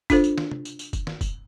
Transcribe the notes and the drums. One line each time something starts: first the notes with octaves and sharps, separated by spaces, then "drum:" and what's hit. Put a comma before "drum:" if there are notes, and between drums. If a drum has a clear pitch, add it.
D4 F4 A4 C5, drum: kick, tambourine
drum: tambourine
drum: snare
drum: tom
drum: tambourine
drum: tambourine
drum: kick, tambourine
drum: snare
drum: kick, tambourine